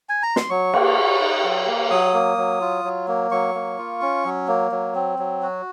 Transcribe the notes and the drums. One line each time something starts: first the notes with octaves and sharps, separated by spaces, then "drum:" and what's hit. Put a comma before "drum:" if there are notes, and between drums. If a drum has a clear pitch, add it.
G#5
A#5
C6, drum: snare
F#3 C#6
A#3, drum: cymbal
F#4
D#4
F#3
A#3
F#3 D#6
A#3
F#3
F4
F#3
A#3
F#3 C#6
A#3
F4
C#4
F#3
A#3
F#3
C4
F#3
F#4